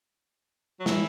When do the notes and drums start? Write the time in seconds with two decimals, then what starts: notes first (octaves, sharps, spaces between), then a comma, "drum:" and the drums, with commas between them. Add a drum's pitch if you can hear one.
0.80 F#3
0.86 E3, drum: snare